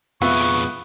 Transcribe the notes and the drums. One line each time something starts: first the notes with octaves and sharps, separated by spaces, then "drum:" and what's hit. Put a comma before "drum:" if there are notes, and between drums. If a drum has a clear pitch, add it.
F2 G#3 B3 F4 E5 C#6
drum: hi-hat